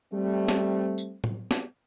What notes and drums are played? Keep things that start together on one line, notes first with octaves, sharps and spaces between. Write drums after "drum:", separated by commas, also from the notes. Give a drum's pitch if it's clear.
G3 A3 C4
drum: snare
drum: tambourine
drum: tom A2
drum: snare